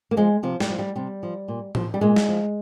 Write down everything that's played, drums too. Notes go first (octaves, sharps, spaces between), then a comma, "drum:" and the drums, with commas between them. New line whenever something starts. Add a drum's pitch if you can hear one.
A#3
F3 G#3
C3 F3
G3, drum: snare
F3
G3
C3 G3
F3
A#2
F3, drum: tom A2
G3
A#2 G#3
drum: snare
F3